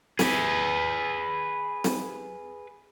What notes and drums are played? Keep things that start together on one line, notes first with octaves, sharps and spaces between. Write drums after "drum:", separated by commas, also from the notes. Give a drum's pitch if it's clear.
G#4 B4, drum: snare
drum: snare